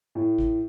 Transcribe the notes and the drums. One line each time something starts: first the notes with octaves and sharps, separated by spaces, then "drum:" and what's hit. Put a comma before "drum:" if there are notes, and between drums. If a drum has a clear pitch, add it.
A2
drum: kick A1